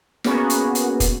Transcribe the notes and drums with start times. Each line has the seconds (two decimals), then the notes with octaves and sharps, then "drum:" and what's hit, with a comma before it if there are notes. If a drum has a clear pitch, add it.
0.24 A#3 B3 C#4 F#4 G#4, drum: snare
0.50 drum: hi-hat
0.75 drum: hi-hat
1.00 drum: kick, hi-hat